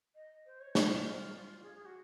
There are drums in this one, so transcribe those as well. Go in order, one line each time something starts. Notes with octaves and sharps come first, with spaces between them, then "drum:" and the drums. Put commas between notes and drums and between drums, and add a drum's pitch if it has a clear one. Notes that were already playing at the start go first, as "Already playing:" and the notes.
D#5
C5
C#5
C5, drum: snare
F4
G#4
G#4
F#4